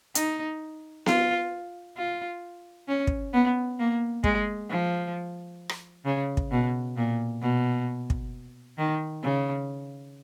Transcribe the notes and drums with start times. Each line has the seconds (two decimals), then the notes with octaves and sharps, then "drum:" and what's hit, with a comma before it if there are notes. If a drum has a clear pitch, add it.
0.15 D#4, drum: hi-hat
1.06 F4, drum: snare B3
1.97 F4
2.88 C#4
3.07 drum: kick
3.33 B3
3.79 A#3
4.24 G#3, drum: kick
4.69 F3
5.69 drum: rim click
6.05 C#3
6.37 drum: kick
6.51 B2
6.97 A#2
7.42 B2
8.10 drum: kick
8.78 D#3
9.23 C#3